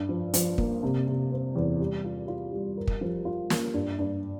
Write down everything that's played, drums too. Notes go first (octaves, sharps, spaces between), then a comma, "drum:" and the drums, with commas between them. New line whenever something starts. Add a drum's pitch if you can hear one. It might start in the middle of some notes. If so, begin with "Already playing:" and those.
Already playing: G2
F3
F3, drum: hi-hat
A#3, drum: kick
C3
C3
C4
E2
G3
F4
F4
G3
A#4
drum: kick
F3
F4
A#3, drum: snare
G2
G2